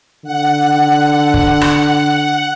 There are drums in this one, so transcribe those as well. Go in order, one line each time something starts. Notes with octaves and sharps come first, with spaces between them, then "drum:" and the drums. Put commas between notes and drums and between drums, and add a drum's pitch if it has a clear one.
D3 F#5
drum: kick
drum: rim click